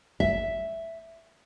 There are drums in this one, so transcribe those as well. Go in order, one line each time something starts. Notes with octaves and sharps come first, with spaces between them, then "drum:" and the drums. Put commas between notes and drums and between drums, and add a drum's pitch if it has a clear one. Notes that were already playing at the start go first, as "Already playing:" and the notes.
E5, drum: kick G#1